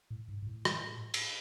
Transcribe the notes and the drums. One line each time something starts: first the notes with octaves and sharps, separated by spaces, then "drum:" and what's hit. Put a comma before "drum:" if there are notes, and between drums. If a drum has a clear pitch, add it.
A2
G#2
G#2
A2
drum: rim click
drum: cymbal